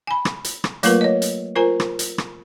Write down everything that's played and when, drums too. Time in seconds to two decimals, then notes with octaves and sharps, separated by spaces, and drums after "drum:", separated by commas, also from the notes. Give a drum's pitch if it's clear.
0.07 G#5 B5
0.25 drum: rim click
0.44 drum: hi-hat
0.64 drum: rim click
0.83 F#3 A3 A#3 F4 A#4 B4, drum: hi-hat
1.01 C#5 D#5
1.22 drum: hi-hat
1.55 F4 A#4 C5 G#5 A#5
1.80 drum: rim click
1.99 drum: hi-hat
2.18 drum: rim click